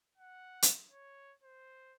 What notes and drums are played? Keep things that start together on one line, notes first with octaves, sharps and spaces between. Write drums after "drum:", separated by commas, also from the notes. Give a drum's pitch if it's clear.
F#5
drum: hi-hat
C#5
C5